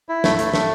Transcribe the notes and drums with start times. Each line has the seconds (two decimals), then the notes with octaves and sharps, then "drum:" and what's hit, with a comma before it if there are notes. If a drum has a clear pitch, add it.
0.09 E4
0.24 A3, drum: snare
0.39 A3, drum: hi-hat
0.53 A3, drum: snare